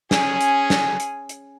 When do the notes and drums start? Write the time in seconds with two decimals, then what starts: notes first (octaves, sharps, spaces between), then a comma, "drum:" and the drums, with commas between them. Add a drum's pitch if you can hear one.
0.11 C#4 G#4, drum: snare
0.41 drum: hi-hat
0.70 drum: snare
1.00 drum: hi-hat
1.29 drum: hi-hat